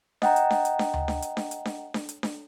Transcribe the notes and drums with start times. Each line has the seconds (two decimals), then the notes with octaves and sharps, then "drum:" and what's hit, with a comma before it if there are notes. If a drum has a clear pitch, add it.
0.22 D#5 F#5 G5 A#5, drum: snare D4
0.36 drum: hi-hat
0.50 drum: snare D4
0.65 drum: hi-hat
0.79 drum: snare D4
0.94 drum: tom D2
1.08 drum: snare D4
1.22 drum: hi-hat
1.37 drum: snare D4
1.51 drum: hi-hat
1.65 drum: snare D4
1.94 drum: snare D4
2.09 drum: hi-hat
2.23 drum: snare D4